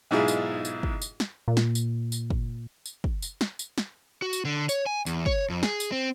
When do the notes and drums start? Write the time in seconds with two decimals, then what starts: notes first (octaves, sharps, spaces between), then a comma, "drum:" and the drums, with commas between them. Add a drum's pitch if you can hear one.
0.11 B1 G#2 E4 F4 G#4
0.28 drum: tambourine
0.65 drum: tambourine
0.83 drum: kick
1.02 drum: tambourine
1.20 drum: snare
1.48 A#2
1.57 drum: snare
1.75 drum: tambourine
2.12 drum: tambourine
2.30 drum: kick
2.86 drum: tambourine
3.04 drum: kick
3.22 drum: tambourine
3.41 drum: snare
3.59 drum: tambourine
3.78 drum: snare
4.22 F#4
4.33 drum: tambourine
4.45 D3
4.69 C#5, drum: tambourine
4.86 G#5
5.06 E2, drum: tambourine
5.26 C#5, drum: kick
5.50 F2
5.63 G#4, drum: snare
5.80 drum: tambourine
5.92 C4